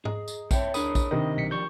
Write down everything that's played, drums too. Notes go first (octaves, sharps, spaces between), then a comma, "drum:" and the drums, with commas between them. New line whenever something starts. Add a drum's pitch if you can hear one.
G#4 D#5 A#5, drum: tom G#2
drum: tambourine
C2 G2 C4 C#5 E5 G5, drum: kick A#1, tambourine
D2 D4 G#4 A#4 C#5 B5 D#6 C7, drum: tambourine
drum: kick A#1, tambourine
C3 D#3 D4 G4 A#4 D#5
B1 B6 C#7
F3 G3 C#6 G6